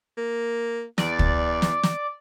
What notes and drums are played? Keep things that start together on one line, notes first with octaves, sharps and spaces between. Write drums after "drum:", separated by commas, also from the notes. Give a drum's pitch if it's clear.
A#3
E2 D5, drum: snare
drum: kick
drum: snare
drum: snare